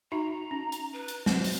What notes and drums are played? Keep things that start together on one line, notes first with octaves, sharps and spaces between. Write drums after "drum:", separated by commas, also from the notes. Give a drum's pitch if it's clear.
D#4 F#4 E5 A#5
C#4
drum: hi-hat
B4
drum: hi-hat
F#3 C4 C5, drum: snare
drum: open hi-hat